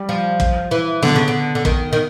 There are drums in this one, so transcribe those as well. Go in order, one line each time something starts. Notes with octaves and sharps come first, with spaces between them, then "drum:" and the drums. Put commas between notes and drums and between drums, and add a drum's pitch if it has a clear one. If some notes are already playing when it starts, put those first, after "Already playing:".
Already playing: G3
F3
drum: kick
E3
D3 B3, drum: snare
C#3
D3
D3
D#3, drum: kick
D#3